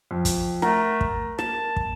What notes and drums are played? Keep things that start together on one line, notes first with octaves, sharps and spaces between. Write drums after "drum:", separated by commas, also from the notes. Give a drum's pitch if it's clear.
F2
drum: kick, hi-hat
A3 A#4 F#5 A#5, drum: rim click
drum: kick
A#3 A5, drum: rim click
drum: kick